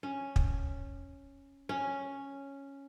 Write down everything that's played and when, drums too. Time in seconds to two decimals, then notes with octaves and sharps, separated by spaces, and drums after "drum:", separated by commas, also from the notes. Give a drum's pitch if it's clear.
0.03 C#4
0.36 drum: kick
1.69 C#4